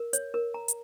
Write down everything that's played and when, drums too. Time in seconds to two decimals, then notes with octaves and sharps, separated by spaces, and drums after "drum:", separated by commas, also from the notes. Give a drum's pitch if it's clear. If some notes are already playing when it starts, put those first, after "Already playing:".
Already playing: A#4
0.13 C#5, drum: hi-hat
0.34 A#4
0.54 A#5
0.68 drum: hi-hat